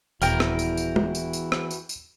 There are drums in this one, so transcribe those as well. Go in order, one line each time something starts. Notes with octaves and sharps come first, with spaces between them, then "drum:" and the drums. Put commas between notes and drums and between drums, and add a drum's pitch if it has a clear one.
D#1 E2 E3 E4 F#4 A#4 G5 F6, drum: tambourine
drum: rim click
drum: tambourine
drum: tambourine
drum: tom G#3
drum: tambourine
drum: tambourine
drum: rim click
drum: tambourine
drum: tambourine